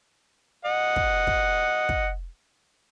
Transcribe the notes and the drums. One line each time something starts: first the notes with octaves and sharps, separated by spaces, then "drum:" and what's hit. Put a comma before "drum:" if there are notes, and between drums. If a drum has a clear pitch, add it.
D#5 F#5
drum: kick
drum: kick
drum: kick